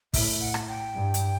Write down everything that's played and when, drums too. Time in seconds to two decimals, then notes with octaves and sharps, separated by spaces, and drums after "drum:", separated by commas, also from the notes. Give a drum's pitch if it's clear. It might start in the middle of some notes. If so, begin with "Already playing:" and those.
0.14 A2 E5, drum: kick, open hi-hat
0.40 F#5
0.54 drum: rim click
0.68 G5
0.95 G2
1.14 drum: hi-hat